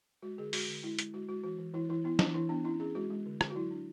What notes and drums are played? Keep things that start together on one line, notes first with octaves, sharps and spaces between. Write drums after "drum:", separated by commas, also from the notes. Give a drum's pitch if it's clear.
G#3 F#4
D3 G#4
G#3 F#4, drum: open hi-hat
D3
G#3 E4
G#3, drum: hi-hat
G#3 F#4
G#3 F#4
E3 F#4
E3
E3 E4
E3 E4
B3 E4
E3 D4, drum: snare
E3 E4
B3 D4
C#4 E4
C#4 G#4
G#3 F#4
G#3
D3
D3, drum: rim click
F#4
F#3 E4
D4